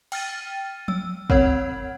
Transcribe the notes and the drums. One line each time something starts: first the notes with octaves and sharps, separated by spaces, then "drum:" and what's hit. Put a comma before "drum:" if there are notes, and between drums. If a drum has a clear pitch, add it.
G5 F6 A6 D#7, drum: cymbal
E6, drum: tom F3
C4 C#5 F#5 G#6, drum: kick